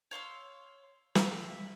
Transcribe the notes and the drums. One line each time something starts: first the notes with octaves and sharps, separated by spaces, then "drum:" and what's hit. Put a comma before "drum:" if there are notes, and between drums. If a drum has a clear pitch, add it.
C#5 F5 C6 E6
E5 F5, drum: snare